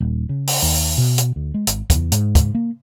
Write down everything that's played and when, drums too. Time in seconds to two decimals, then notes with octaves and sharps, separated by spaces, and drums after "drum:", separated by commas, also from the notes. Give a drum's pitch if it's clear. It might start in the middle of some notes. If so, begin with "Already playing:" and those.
0.01 D#1
0.29 C#3
0.47 drum: open hi-hat
0.62 D#2
0.98 B2
1.18 drum: hi-hat
1.36 D2
1.54 G#3
1.67 G#1, drum: hi-hat
1.90 E2, drum: kick, hi-hat
2.12 G#2, drum: hi-hat
2.35 drum: kick, hi-hat
2.55 A#3